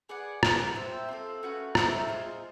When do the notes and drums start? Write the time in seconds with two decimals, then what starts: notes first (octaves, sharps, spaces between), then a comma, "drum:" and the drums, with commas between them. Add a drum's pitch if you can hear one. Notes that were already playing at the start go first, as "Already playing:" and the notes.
0.09 G#4 B4 D5 F#5
0.43 B3 D#4 G#4, drum: rim click
0.75 G4 C5 E5
1.08 C4 F4 A4
1.43 A3 C#4 F#4 B4
1.75 A3 C4 D#4, drum: rim click
2.08 F4 G#4 C5 D#5